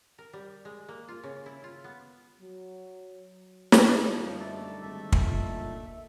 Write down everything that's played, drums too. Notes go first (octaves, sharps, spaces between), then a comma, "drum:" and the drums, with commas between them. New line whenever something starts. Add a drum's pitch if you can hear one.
A#4
G3
G#3
A#3
F4
C#3
E4
F4
B3
F#3
D4, drum: snare
F#2 D3 F3 G3 D#4
A3 A4 D5
G#1 A4 E5
drum: kick
A#2